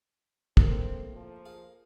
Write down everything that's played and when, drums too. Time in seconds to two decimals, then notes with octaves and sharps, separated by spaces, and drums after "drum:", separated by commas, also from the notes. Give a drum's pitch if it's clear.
0.57 F2 A2 A#3 C4, drum: kick
1.14 F3
1.45 G#4 F5